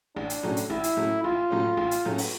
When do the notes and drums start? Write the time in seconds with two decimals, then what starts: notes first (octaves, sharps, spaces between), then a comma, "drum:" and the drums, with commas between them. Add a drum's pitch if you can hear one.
0.16 A1 D4
0.30 drum: hi-hat
0.43 A2 F#3 A3 C#4
0.57 drum: hi-hat
0.70 A1 E4
0.84 drum: hi-hat
0.97 A2 F#3 A3 C#4
1.24 A1 F4
1.50 A2 F#3 A3 C#4
1.77 A1
1.91 drum: hi-hat
2.05 A2 F#3 A3 C#4
2.18 drum: open hi-hat